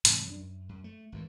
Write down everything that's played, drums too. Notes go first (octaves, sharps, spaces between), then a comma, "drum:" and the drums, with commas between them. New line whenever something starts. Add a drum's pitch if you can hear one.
G#2 C3 E3 F#3, drum: hi-hat
F#2 D4
F#2
F#2
A3
G#1 F#2 E3